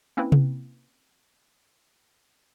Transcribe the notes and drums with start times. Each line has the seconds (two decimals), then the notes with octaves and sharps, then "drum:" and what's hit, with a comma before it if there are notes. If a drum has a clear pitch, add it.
0.17 A#3 C4 C#4 E4 B4
0.32 drum: tom C3